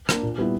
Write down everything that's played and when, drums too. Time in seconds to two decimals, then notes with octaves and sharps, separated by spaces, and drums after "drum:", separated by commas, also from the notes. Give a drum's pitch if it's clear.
0.09 A#3 D4, drum: rim click
0.23 A#2
0.38 G3 B3 E4